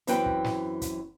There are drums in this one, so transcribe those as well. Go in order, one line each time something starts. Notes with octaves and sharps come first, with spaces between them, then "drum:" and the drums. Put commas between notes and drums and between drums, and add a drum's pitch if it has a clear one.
F#2 E3 C4 F#4 B4 G5, drum: hi-hat
drum: kick
drum: snare
drum: kick, hi-hat